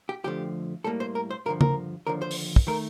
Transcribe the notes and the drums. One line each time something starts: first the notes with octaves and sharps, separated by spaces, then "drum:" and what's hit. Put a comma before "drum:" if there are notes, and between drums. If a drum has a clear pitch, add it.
G4
F2 D3 F3 A3 G4
A2 G3 A#3 A4
C5
A#4
C5
G2 D3 F3 A#4
A#4, drum: tom C#3
D#2 D3 F3 A#4
C5
drum: open hi-hat
drum: kick
D#3 A3 A#4